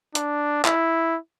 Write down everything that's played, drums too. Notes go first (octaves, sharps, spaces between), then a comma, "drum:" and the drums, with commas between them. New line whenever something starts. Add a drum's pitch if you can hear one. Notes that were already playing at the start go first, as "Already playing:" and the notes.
D4, drum: hi-hat
E4, drum: clap